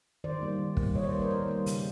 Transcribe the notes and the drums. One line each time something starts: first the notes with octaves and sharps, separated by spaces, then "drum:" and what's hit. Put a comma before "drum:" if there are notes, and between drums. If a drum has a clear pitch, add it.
D#3 C5 D5
G3 A#3
D#3
G3 A#3, drum: kick
D#3 C#5 D#5
C5 D5
G3 B4 C#5
A#3 A#4 C5
D#3 A#4 C5
G3 A#3
C#3, drum: hi-hat